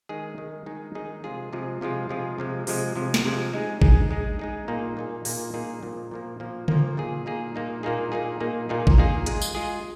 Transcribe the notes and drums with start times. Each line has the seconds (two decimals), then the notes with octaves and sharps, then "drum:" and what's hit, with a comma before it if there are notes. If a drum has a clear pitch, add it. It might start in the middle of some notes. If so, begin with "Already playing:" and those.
0.09 D#3 G#3 D#4 G#4
0.38 D#3 G#3 D#4 G#4
0.66 D#3 G#3 D#4 G#4
0.95 D#3 G#3 D#4 G#4
1.24 C3 F3 G#3 F4 G#4
1.53 C3 F3 G#3 F4 G#4
1.81 C3 F3 G#3 F4 G#4
2.09 C3 F3 G#3 F4 G#4
2.38 C3 F3 G#3
2.67 C3 F3 G#3, drum: open hi-hat
2.96 C3 F3 G#3
3.14 drum: snare
3.25 C3 F3 G#3
3.54 G#3 D#4 G#4
3.82 G#3 D#4 G#4, drum: kick A1
4.11 G#3 D#4 G#4
4.39 G#3 D#4 G#4
4.68 A#2 A#3 D#4 G#4
4.97 A#2 A#3 D#4 G#4
5.25 A#2 A#3 D#4 G#4, drum: open hi-hat
5.54 A#2 A#3 D#4 G#4
5.83 A#2 F3 A#3
6.11 A#2 F3 A#3
6.40 A#2 F3 A#3
6.68 A#2 F3 A#3, drum: tom C#3
6.97 A#2 A#3 D#4 G#4
7.26 A#2 A#3 D#4 G#4
7.55 A#2 A#3 D#4 G#4
7.83 A#2 A#3 D#4 G#4
8.12 A#2 A#3 D#4 G#4
8.40 A#2 A#3 D#4 G#4
8.69 A#2 A#3 D#4 G#4
8.87 drum: kick A1
8.98 A#2 A#3 D#4 G#4
9.26 G#3 F4 G#4, drum: hi-hat
9.42 drum: tambourine
9.55 G#3 F4 G#4